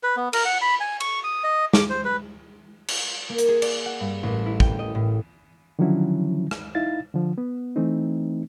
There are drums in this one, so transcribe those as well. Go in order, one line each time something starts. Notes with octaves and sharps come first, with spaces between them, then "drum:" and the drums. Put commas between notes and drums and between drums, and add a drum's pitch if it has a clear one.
B4
B3
A#4, drum: cymbal
F#5
B5
G#5
C#6, drum: cymbal
D#6
D#5
D6, drum: snare
C5
B4
drum: cymbal
A#3
drum: hi-hat
G#4
D5, drum: cymbal
F#5
G2
A1
E4
G5, drum: kick
D#5
A2
D3 D#3 F3 F#3 C#4 E4
drum: rim click
D#4 E4 F5 A6
D3 F3
B3
E3 A3 C4 D#4